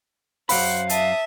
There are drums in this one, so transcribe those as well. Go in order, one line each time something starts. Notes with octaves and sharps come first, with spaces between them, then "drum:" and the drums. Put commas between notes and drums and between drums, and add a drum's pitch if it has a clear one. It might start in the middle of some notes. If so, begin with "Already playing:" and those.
F#2 C5 F5 F#5 B5, drum: open hi-hat
E5 A5 D#6, drum: hi-hat